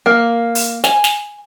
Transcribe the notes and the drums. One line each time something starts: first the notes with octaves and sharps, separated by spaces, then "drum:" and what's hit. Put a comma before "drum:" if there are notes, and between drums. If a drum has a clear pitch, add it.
A#3
drum: open hi-hat
G#5, drum: snare
drum: snare